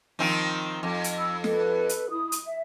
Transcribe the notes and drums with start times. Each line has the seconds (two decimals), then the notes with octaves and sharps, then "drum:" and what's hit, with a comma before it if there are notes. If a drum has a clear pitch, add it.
0.19 D#3 F3 C4
0.83 F2
1.04 drum: hi-hat
1.18 B5 E6
1.44 A4 B4, drum: snare
1.89 drum: hi-hat
2.10 E4 D#6
2.32 drum: hi-hat
2.44 E5